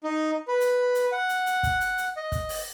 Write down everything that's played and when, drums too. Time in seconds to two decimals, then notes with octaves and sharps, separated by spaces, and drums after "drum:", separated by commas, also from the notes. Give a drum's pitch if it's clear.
0.04 D#4
0.48 B4
0.60 drum: hi-hat
0.95 drum: hi-hat
1.12 F#5
1.29 drum: hi-hat
1.46 drum: hi-hat
1.63 drum: kick, hi-hat
1.80 drum: hi-hat
1.98 drum: hi-hat
2.17 D#5
2.32 drum: kick, hi-hat
2.49 drum: open hi-hat